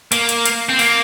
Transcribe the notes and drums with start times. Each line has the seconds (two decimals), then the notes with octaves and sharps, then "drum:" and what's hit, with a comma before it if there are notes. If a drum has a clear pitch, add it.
0.12 A#3, drum: hi-hat
0.29 drum: hi-hat
0.46 drum: hi-hat
0.69 C4
0.79 A#3, drum: open hi-hat